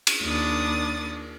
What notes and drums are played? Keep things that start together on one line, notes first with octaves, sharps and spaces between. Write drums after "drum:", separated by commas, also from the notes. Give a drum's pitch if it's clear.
drum: cymbal
D#2 D4 D#6 A6